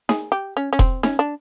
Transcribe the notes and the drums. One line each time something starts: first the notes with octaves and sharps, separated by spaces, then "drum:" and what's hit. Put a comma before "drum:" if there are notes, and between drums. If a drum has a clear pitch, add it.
G#4, drum: snare D#4
G4
C#4
C#4
C4, drum: kick E1
C#4, drum: snare D#4
D4